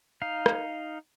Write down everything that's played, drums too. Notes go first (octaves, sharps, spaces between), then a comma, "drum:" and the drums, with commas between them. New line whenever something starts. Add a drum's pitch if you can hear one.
D#4 F5
drum: rim click